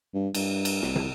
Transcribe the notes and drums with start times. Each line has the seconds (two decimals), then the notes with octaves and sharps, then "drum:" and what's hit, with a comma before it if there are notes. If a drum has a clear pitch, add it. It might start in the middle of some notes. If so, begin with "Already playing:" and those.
0.14 G2
0.34 G2, drum: cymbal
0.65 drum: cymbal
0.82 C2, drum: snare
0.96 drum: tom